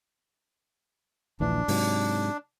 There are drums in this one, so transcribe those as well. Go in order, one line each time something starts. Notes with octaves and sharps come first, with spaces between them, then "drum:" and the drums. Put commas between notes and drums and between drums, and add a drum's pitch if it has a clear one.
D#1 A#1 E3 D4
G#2 C3 F#3, drum: open hi-hat